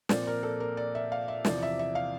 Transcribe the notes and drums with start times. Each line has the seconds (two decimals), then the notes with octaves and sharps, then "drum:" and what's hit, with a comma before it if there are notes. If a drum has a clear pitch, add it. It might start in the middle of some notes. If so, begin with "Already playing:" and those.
0.09 A#2 F3 C4 D5, drum: snare
0.27 A#4
0.43 A4
0.60 A#4
0.77 D5
0.95 E5
1.12 F5
1.28 E5
1.45 E2 C3 F3 D5, drum: snare
1.63 E5
1.79 E5
1.95 F5